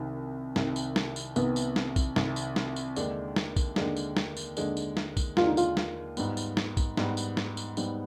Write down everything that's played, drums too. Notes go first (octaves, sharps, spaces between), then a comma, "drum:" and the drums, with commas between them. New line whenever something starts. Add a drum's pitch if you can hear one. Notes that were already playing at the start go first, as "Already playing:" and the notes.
Already playing: C2 C3 D#3
C2 C3 D#3, drum: snare
drum: tambourine
drum: snare
drum: tambourine
C2 C3 D#3 B3, drum: tambourine
drum: tambourine
drum: snare
drum: kick A#1, tambourine
C2 C3 D#3, drum: snare
drum: tambourine
drum: snare
drum: tambourine
D#2 D3 G#3 D4, drum: tambourine
drum: snare
drum: kick A#1, tambourine
D#2 D3 G#3 D4, drum: snare
drum: tambourine
drum: snare
drum: tambourine
D#2 D3 G#3 D4, drum: tambourine
drum: tambourine
drum: snare
drum: kick A#1, tambourine
D#2 D3 G#3 D4 F4, drum: snare
D#4
F4, drum: tambourine
drum: snare
G#2 G3 B3, drum: tambourine
drum: tambourine
drum: snare
drum: kick A#1, tambourine
G#2 G3 B3, drum: snare
drum: tambourine
drum: snare
drum: tambourine
G#2 G3 B3, drum: tambourine